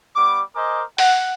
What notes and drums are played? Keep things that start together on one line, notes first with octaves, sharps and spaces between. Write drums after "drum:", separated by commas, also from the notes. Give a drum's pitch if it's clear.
G3 B3 D6
A#4 C5 D#5 G#5 D6
F#5, drum: open hi-hat